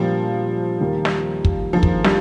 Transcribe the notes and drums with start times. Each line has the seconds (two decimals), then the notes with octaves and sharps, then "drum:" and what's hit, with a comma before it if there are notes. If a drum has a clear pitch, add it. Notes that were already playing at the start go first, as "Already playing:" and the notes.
Already playing: A#2 F3 G3 A#3 F4
0.80 D#2 D#3 G3 A#3
1.05 drum: snare
1.45 drum: kick
1.73 D#3 F3 A#3 F4 G#4
1.83 drum: kick
2.04 G3, drum: snare